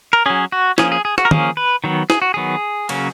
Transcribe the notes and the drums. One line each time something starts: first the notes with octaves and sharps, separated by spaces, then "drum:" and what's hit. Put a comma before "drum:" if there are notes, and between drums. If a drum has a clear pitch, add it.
A#4
F#3 C#4 G#4
F#4
F3 A#3 C#4 G#4, drum: snare
G#4
G#4
F#4, drum: rim click
A#4
F3 A#3 C#4 G#4, drum: tom
B4
D#3 F#3 B3
G#4, drum: snare
F#4
D#3 F#3 B3 G#4
C#3 F#3 A#3 C#4, drum: cymbal